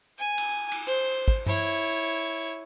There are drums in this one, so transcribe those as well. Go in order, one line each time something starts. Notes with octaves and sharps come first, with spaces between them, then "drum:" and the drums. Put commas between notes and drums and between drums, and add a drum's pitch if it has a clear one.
G#5
drum: cymbal
drum: cymbal
C5, drum: hi-hat
drum: kick
E4 C#5, drum: tom G2